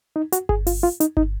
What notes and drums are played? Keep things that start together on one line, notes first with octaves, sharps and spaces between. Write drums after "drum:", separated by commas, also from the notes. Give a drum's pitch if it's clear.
D#4
F#4, drum: hi-hat
G#4, drum: kick G1
F4, drum: open hi-hat
F4
D#4, drum: hi-hat
D#4, drum: kick G1